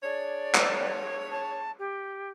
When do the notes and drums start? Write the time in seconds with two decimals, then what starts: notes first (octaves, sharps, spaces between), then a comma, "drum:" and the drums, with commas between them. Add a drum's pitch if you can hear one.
0.03 D4 G#4 C#5 D5
0.54 drum: clap
1.30 A5
1.78 G4